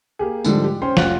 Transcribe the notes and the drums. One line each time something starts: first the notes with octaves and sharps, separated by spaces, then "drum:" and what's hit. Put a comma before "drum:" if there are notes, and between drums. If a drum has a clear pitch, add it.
A#3 G4 G#4
G#2 D3 F3 G3, drum: tambourine
G4
C#4 C5 G5 C6
F1 F4 F#5 F#6, drum: snare